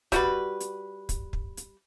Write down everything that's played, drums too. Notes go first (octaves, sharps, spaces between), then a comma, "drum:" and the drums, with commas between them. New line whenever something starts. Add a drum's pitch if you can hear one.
G3 F#4 B4, drum: kick, hi-hat
drum: hi-hat
drum: kick, hi-hat
drum: kick
drum: hi-hat